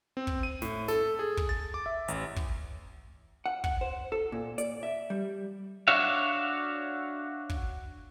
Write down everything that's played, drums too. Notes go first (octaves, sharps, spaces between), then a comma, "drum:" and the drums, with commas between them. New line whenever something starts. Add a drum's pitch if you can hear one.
C4
drum: kick
D#7
A2, drum: snare
A4, drum: snare
G#4
drum: kick
A6
D6
E5
A1, drum: hi-hat
drum: kick
F#5
F#5, drum: kick
C5
A4
A#2
D5, drum: hi-hat
E5
G3
D4 F#4 C#5 E5 F5
drum: kick